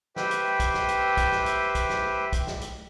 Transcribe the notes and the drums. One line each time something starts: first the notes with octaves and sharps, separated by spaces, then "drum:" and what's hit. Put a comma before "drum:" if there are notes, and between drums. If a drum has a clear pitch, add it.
G4 B4 C5 E5 G5, drum: snare
drum: hi-hat
drum: kick, hi-hat
drum: snare
drum: hi-hat
drum: kick, hi-hat
drum: snare
drum: hi-hat
drum: kick, hi-hat
drum: snare
drum: kick, hi-hat
drum: snare
drum: hi-hat